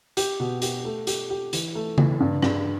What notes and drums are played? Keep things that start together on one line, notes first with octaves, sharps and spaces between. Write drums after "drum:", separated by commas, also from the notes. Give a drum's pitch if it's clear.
G4, drum: hi-hat
B2
G4, drum: hi-hat
A3
G4, drum: hi-hat
G4
E3, drum: hi-hat
A3
E3, drum: tom C#3
G2
G2, drum: rim click